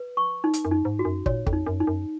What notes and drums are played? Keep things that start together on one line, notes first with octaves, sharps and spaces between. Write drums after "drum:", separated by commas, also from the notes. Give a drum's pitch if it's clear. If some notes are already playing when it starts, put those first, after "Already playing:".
Already playing: B4
C#6
D#4
drum: hi-hat
F#2
D#4
G#2
F#4
F#2
A#2 C#5, drum: kick
F2, drum: kick
D#4
F#2
D#4
F#2